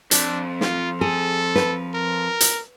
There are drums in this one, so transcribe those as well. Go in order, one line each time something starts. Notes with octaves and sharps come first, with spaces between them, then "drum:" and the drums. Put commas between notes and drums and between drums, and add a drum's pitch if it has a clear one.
F2 D4, drum: hi-hat
F4, drum: snare
G#4 A4
B4, drum: snare
A#4
drum: hi-hat